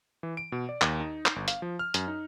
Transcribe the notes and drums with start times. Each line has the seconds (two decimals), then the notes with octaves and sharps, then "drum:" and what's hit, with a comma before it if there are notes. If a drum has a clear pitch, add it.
0.23 E3
0.37 D7
0.52 B2
0.69 D5
0.81 D#2, drum: clap
1.00 D#4
1.26 drum: clap
1.36 G1
1.48 F5, drum: hi-hat
1.62 F3
1.79 F6
1.94 F#2, drum: hi-hat
2.08 D#4